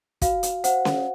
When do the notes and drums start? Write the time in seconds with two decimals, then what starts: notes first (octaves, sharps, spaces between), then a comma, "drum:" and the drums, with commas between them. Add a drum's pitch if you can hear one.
0.22 F#4 F5, drum: kick, hi-hat
0.43 drum: hi-hat
0.64 C5 F#5, drum: hi-hat
0.85 drum: snare C#4